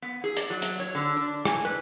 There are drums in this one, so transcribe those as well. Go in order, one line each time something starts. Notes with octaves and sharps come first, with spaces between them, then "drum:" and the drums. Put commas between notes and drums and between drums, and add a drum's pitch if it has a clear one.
B3
G#4
D5, drum: hi-hat
F#3
drum: hi-hat
C#5
D3
D4
G#5, drum: rim click
B4